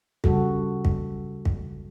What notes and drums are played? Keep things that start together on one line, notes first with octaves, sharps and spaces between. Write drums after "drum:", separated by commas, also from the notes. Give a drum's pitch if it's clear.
C#3 G3 F#4 A4, drum: kick
drum: kick
drum: kick